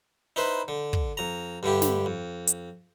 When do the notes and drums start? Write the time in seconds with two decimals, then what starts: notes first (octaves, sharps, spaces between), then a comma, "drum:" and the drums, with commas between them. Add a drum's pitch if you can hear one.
0.36 D#4 E4 B4 C5
0.68 D3
0.93 drum: kick
1.17 F2 A#5
1.63 G2 D3 E4 G4
1.82 drum: snare
2.06 F2
2.47 drum: hi-hat